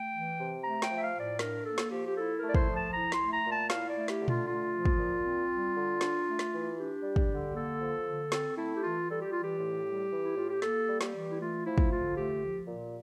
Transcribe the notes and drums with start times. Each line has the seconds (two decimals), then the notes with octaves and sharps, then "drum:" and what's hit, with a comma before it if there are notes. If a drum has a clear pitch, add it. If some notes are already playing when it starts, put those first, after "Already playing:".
Already playing: A3 G5
0.11 E3
0.37 C3
0.62 A3 A#5
0.82 G5, drum: snare
0.89 F3
0.96 E5
1.01 F5
1.14 A2
1.20 D5
1.39 D4 A#4, drum: snare
1.65 A#3 A4
1.78 drum: snare
1.91 F3 G4
2.07 G4
2.16 E4 A4
2.35 A#4
2.42 A3
2.49 D5
2.54 C5, drum: kick
2.67 F3
2.74 A5
2.93 E4 A#5
3.12 C6, drum: snare
3.19 A3
3.31 A#5
3.45 A#2
3.51 A5
3.70 E4 F5, drum: snare
3.89 D5
3.96 A3
4.08 G4, drum: snare
4.21 D3
4.28 F4, drum: tom A#2
4.47 A3 F4
4.73 F3
4.85 drum: kick
4.98 A#2
5.23 C4
5.50 G3
5.75 D3
6.01 D4, drum: snare
6.26 A3
6.39 drum: snare
6.52 E3
6.78 D4 G4
7.03 G3
7.16 drum: kick
7.29 D3
7.54 A#3 A4
7.80 F3
8.06 D3
8.32 C4 A4, drum: snare
8.57 A3 E4
8.75 G4
8.83 E3 F4
9.08 G3 A4
9.20 G4
9.31 E3 F4
9.43 G4
9.59 A2
9.86 G3
10.11 E3
10.23 E4
10.37 A2 F4
10.50 G4
10.62 A#3 A4, drum: snare
10.87 G3
11.01 G4, drum: snare
11.14 E3
11.30 E4
11.39 A3 F4
11.65 F3 E4
11.78 drum: kick
11.90 D3 F4
12.16 A3 G4
12.42 F3
12.67 A#2